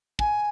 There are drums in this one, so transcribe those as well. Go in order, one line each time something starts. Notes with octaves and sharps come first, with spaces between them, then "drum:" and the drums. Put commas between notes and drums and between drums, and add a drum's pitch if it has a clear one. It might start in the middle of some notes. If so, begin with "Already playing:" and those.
G#5, drum: kick